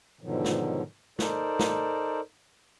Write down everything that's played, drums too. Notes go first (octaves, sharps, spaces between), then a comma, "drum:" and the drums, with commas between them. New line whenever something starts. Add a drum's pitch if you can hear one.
G#2 B2 D3 D#3 F3 F#3
drum: snare
D#4 A4 A#4 C5 D5, drum: snare
drum: snare